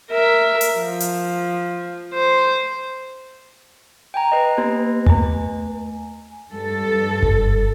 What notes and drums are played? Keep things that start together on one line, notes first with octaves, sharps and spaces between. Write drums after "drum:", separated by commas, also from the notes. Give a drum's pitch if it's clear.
A#4 E5
drum: hi-hat
F3
drum: hi-hat
C5
G5 G#5 A#5
B4 D#5
A#3 B3 G4
A3 G#5, drum: tom D#2
G2 A4
drum: kick F#1